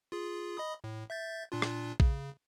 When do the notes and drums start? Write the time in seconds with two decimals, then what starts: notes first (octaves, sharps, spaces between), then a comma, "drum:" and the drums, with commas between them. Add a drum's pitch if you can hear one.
0.12 F4 G#4
0.57 D#5 B5 D#6
0.84 A2
1.10 E5 G6 A6
1.52 A#2 D4 F4
1.62 drum: rim click
2.00 C#3, drum: kick A#1